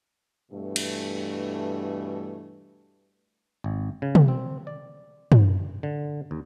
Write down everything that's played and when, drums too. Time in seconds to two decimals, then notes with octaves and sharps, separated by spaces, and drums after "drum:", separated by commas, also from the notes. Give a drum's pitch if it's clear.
0.52 G2 B2 E3 A3
0.76 drum: cymbal
3.64 G#1
4.02 C#3
4.15 drum: tom
4.28 C4
4.67 D5
5.32 drum: tom
5.83 D3
6.31 D#2